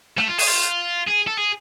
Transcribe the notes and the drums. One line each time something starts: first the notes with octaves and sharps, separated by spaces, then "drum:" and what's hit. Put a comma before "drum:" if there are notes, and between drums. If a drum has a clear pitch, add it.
A3, drum: rim click
F4
G#4, drum: open hi-hat
F4
G#4
A4
G#4